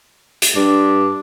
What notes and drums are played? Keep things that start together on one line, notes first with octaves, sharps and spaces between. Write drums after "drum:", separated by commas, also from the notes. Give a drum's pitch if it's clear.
drum: hi-hat
G2 D4